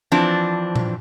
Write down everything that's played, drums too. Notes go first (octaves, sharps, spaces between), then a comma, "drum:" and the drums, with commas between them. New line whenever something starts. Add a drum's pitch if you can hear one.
E3 F3 C4 D4
drum: tom A#2